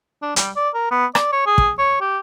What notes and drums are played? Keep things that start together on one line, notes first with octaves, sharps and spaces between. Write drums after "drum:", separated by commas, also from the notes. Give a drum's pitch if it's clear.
D4
G3, drum: hi-hat
D5
A#4
B3
D5, drum: rim click
C#5
G#4
drum: kick
C#5
G4